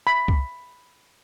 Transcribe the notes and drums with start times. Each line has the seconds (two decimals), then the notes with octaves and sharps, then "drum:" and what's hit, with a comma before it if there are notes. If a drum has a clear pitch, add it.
0.07 B5
0.28 drum: kick